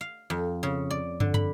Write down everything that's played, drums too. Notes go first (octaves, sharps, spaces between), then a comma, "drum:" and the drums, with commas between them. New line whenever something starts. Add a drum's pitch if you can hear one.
F5
F2
C#3
D5
D3, drum: tom
B5, drum: tom